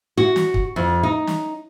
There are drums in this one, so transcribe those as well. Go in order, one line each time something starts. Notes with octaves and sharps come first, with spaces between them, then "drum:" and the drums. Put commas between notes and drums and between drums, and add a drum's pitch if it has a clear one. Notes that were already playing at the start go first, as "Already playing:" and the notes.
F#4
drum: snare
drum: kick
F2
D#4
drum: snare